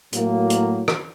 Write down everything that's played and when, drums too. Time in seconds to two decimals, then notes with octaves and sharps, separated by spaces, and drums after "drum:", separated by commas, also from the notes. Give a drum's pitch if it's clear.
0.13 A2 F#3 A#3, drum: hi-hat
0.50 drum: hi-hat
0.88 drum: rim click